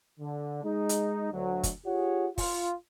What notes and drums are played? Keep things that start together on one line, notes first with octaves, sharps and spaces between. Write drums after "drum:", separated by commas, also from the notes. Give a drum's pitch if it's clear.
D3
G#3 D#4
drum: hi-hat
D2 F#3
drum: kick, hi-hat
F4 G4 G#4 C#5 F#5
F4, drum: kick, open hi-hat